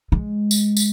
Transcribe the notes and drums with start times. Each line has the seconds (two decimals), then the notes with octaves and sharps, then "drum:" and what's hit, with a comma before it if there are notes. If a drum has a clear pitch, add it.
0.12 G#3
0.51 drum: tambourine
0.77 drum: tambourine